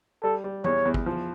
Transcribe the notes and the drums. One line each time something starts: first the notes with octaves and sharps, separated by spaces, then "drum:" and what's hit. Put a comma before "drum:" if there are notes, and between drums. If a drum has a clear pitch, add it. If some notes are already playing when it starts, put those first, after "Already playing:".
G3 A4
G3
E2 C#5, drum: tom E3
E2
drum: kick
F3